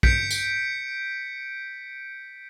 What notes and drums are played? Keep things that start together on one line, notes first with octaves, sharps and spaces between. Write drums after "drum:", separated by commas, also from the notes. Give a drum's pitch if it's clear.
G6 B6 C#7 D7, drum: kick
drum: tambourine